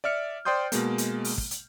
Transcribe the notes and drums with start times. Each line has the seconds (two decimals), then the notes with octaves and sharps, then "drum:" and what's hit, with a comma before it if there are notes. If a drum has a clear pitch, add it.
0.04 D5 E5 F6 C#7
0.45 C5 D5 G5 C6 D#6 G6
0.72 B2 G#3 A#3, drum: hi-hat
0.98 drum: hi-hat
1.25 drum: open hi-hat
1.38 drum: kick
1.51 drum: hi-hat